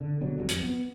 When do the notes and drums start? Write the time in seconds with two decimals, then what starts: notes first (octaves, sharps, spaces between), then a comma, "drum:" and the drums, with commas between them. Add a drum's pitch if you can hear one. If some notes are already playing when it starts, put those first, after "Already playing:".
0.01 D3
0.21 B2 D3 F#3 G3
0.37 G#1 D#2 F#3 G3
0.49 F2, drum: hi-hat
0.63 B3